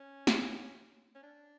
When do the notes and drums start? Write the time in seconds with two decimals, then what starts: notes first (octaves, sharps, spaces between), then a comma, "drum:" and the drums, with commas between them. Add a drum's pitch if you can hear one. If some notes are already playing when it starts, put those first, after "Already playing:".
Already playing: C#4
0.27 drum: snare
1.15 C#4
1.23 D4